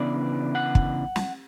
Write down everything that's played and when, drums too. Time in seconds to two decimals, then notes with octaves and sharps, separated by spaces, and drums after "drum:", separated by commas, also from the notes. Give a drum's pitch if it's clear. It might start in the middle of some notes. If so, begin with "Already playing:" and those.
Already playing: C#3 E3 B3 D4 D5
0.55 F#5
0.75 drum: kick
1.16 drum: snare